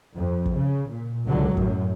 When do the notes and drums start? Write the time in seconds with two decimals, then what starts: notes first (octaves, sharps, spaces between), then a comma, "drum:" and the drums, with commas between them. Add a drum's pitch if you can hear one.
0.17 F2
0.46 drum: kick
0.56 C#3
0.90 A#2
1.28 C#2 D3 F#3
1.57 F#2 A2, drum: kick